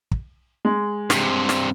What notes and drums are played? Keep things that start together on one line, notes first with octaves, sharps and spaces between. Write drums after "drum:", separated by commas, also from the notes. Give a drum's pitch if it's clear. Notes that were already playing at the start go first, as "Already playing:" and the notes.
drum: kick
G#3
G2 C3, drum: snare
drum: snare